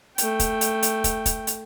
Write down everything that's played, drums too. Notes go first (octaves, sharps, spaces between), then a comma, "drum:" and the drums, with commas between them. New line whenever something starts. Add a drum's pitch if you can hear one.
A3 G5, drum: hi-hat
drum: kick, hi-hat
drum: hi-hat
drum: hi-hat
drum: kick, hi-hat
drum: kick, hi-hat
drum: hi-hat